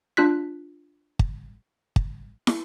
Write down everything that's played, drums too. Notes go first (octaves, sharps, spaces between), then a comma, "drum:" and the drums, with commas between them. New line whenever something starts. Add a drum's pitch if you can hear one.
D4 F4 F#6 B6
drum: kick
drum: kick
drum: snare